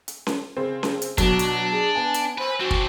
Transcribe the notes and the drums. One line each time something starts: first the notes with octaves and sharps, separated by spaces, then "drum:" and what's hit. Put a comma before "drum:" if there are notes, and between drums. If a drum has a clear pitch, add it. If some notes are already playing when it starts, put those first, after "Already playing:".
drum: hi-hat
drum: snare C#4
C#3 C4
drum: snare C#4
drum: hi-hat
B2 F#3 D4 F#4, drum: kick, hi-hat
drum: hi-hat
G#4
B3 G#5
drum: hi-hat
B4 C5
C4 D4 F#4
drum: kick